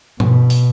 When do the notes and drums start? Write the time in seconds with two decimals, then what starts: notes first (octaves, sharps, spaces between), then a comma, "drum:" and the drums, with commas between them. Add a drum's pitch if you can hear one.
0.20 B2, drum: tom G2
0.50 drum: open hi-hat